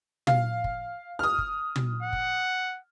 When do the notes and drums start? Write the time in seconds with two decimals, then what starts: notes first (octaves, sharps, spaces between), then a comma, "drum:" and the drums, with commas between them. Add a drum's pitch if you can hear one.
0.27 F5, drum: tom
0.64 drum: kick
1.19 D#6 F6
1.38 drum: kick
1.76 drum: tom
2.03 F#5
2.13 drum: kick